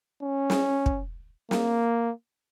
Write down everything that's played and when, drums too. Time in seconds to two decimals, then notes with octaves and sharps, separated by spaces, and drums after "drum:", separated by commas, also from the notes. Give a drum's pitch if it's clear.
0.23 C#4
0.50 drum: snare
0.86 drum: kick
1.51 A#3, drum: snare